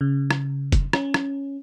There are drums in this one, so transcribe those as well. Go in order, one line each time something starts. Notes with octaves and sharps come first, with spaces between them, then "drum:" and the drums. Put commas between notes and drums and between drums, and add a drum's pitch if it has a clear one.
C#3
drum: rim click
drum: kick F1, hi-hat
C#4, drum: rim click
drum: rim click